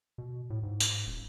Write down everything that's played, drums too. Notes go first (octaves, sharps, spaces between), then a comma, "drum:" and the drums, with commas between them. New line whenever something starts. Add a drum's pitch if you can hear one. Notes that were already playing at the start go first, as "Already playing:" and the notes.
B2
A2
G#2
drum: tambourine
D#1